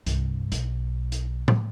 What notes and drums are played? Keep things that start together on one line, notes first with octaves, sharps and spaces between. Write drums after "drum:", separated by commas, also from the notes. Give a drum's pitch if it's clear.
C2 G2, drum: hi-hat
B1, drum: hi-hat
drum: hi-hat
drum: tom A2